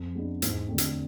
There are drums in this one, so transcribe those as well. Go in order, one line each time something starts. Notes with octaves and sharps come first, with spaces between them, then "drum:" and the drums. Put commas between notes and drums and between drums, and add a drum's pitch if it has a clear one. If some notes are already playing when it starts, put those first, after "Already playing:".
Already playing: F2
G#3 B3 D4
E2 G#2, drum: hi-hat
D3 A3 C4
drum: hi-hat